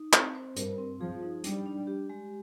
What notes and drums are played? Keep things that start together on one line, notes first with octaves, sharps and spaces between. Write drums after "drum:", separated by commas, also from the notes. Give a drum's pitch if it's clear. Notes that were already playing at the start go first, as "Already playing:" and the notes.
Already playing: D#4
C4, drum: clap
C5
G2 A#4, drum: hi-hat
C4
F3 G#4
D#4
G3 D4, drum: hi-hat
D4
G4
G#3